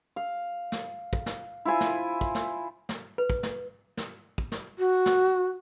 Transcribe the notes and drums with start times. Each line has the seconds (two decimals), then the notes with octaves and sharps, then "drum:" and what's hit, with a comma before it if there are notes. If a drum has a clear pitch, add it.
0.16 F5
0.72 drum: snare
1.13 drum: kick
1.26 drum: snare
1.65 E4 F4 C5 G#5
1.81 drum: snare
2.21 drum: kick
2.35 drum: snare
2.89 drum: snare
3.18 B4
3.30 drum: kick
3.43 drum: snare
3.97 drum: snare
4.38 drum: kick
4.52 drum: snare
4.79 F#4
5.06 drum: snare